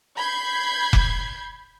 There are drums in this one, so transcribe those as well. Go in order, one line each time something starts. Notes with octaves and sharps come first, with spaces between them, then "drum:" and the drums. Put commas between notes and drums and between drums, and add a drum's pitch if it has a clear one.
B5 G6 G#6 C7
drum: kick F1